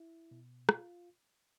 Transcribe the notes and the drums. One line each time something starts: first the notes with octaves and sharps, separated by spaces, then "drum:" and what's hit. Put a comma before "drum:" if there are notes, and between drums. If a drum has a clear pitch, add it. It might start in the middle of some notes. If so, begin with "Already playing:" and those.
Already playing: E4
B2
F4, drum: rim click